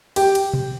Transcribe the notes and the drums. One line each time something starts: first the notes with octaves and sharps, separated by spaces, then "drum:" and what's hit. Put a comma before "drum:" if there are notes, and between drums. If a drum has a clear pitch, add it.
G4, drum: cymbal
drum: cymbal
drum: tom B2